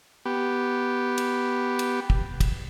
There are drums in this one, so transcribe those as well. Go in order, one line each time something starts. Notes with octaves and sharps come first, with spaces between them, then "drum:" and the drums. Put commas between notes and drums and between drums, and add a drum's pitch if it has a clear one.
B3 G4
drum: cymbal
drum: cymbal
drum: kick
drum: kick, cymbal